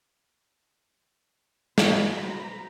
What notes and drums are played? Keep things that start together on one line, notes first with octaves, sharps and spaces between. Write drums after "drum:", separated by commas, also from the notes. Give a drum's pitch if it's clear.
B2 F#3 C5 A#5 B5, drum: snare